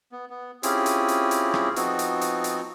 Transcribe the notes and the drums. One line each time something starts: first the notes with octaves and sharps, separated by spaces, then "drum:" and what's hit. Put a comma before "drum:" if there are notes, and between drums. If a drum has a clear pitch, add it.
B3
B3
C4 C#4 E4 F4 G4 G#4, drum: hi-hat
drum: hi-hat
drum: hi-hat
drum: hi-hat
drum: rim click
F3 B3 C4 D#4 F#4, drum: hi-hat
drum: hi-hat
drum: hi-hat
drum: hi-hat